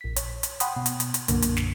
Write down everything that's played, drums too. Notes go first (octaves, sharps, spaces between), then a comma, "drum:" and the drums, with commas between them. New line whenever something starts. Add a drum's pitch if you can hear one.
A#1 B6
C#5, drum: hi-hat
drum: hi-hat
F#5 G5 B5 C6 D#6, drum: hi-hat
B2
drum: hi-hat
drum: hi-hat
drum: hi-hat
B1 F#2 A#2 D3 A#3, drum: hi-hat
drum: hi-hat
drum: snare